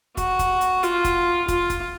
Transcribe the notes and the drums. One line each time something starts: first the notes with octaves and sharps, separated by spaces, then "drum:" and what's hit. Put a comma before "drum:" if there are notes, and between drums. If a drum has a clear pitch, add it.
F#4, drum: kick, hi-hat
drum: kick, hi-hat
drum: hi-hat
F4, drum: hi-hat
drum: kick, hi-hat
F4, drum: kick, hi-hat
drum: kick, hi-hat